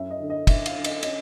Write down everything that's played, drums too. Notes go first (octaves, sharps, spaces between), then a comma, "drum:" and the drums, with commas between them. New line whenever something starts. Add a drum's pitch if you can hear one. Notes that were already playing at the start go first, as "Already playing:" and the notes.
Already playing: F#2 C#4 E5
D#5
D3
D#5
D3 E5, drum: kick, cymbal
F5, drum: cymbal
D3
D#5, drum: cymbal
C#4 D#5, drum: cymbal